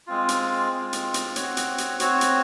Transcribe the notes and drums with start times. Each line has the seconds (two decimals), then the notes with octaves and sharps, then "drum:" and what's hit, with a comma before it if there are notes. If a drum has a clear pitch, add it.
0.07 G#3 C4 F4
0.29 drum: hi-hat
0.71 G#3 C4 F4
0.93 drum: hi-hat
1.14 drum: hi-hat
1.36 C4 F#4 C#5, drum: hi-hat
1.57 drum: hi-hat
1.78 drum: hi-hat
2.00 C4 F#4 C#5, drum: hi-hat
2.21 drum: hi-hat